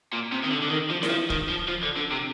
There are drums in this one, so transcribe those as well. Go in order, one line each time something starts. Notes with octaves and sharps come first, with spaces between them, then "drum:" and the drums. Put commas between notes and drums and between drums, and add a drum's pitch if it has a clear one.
A#2
C3
D#3
D3
D3
D#3
F3
D#3, drum: snare E4
F3
D#3, drum: kick
F3
F3
D3
D3
C3